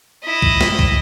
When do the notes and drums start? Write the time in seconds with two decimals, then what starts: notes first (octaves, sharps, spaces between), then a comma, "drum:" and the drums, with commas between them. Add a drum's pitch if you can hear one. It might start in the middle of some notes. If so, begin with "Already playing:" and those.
0.24 E4 D#5
0.42 drum: kick
0.61 drum: snare
0.79 drum: kick